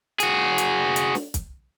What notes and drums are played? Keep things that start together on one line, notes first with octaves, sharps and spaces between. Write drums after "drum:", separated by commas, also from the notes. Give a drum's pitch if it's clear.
F#4 G#4, drum: hi-hat
drum: hi-hat
drum: hi-hat
drum: snare
drum: kick, hi-hat